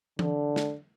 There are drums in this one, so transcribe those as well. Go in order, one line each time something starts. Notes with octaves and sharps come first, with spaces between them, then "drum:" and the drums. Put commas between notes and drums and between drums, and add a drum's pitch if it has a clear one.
D3, drum: tom E3
drum: snare